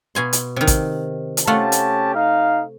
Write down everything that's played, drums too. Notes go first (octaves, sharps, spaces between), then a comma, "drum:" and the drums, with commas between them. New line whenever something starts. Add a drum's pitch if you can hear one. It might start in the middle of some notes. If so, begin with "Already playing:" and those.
B2 G#5 C6
drum: hi-hat
C3 D#3
drum: kick A1, hi-hat
drum: hi-hat
A3 C#4 F4 G4 F#5 A5
drum: hi-hat
D#4 F5